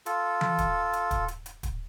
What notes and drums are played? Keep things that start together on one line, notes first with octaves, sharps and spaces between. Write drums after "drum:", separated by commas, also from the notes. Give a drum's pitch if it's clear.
F4 A4, drum: hi-hat
drum: tom E3
drum: kick, hi-hat
drum: hi-hat
drum: kick, hi-hat
drum: hi-hat
drum: hi-hat
drum: kick, hi-hat